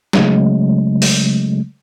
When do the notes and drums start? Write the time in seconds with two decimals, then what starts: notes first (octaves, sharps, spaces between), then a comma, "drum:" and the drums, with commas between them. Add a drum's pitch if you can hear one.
0.13 C#3 F#3 G#3 A3, drum: snare
1.02 drum: open hi-hat